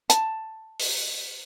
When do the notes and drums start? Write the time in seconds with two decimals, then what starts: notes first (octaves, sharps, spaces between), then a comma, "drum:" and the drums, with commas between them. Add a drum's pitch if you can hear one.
0.10 A5, drum: hi-hat
0.79 drum: open hi-hat